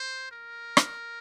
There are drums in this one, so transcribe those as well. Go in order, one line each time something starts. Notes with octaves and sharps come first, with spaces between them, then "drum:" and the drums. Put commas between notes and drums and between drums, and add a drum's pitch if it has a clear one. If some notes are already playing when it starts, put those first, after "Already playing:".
Already playing: C5
A#4
drum: rim click